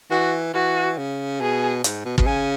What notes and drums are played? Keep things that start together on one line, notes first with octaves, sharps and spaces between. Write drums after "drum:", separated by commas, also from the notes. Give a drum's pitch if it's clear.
E3 F#4
E3 F#4
C#3
B2 G#4
G#2, drum: hi-hat
B2
B2, drum: kick
C#3 G#5